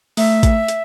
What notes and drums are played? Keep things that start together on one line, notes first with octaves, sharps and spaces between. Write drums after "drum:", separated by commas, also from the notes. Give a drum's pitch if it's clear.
A3 E5, drum: open hi-hat
drum: kick A1, hi-hat
drum: hi-hat